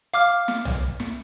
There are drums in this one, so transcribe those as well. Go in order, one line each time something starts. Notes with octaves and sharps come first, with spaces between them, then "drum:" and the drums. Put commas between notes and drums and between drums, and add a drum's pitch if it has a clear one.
F5 D6 F6
drum: snare
drum: tom B1
drum: snare